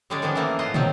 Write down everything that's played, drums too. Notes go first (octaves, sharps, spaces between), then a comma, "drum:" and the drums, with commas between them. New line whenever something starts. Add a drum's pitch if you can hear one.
D3 G3 G#3 C#4 D5
D#3 F3 B3 C#4 D4
E3 F3 A3 A#3
A2 F4 C5 D#5 F#5
D#3 F3 F#3 C4, drum: tom